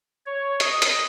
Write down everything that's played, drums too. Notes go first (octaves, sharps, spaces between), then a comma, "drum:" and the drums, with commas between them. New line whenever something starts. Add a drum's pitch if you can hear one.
C#5
D#5, drum: hi-hat
drum: hi-hat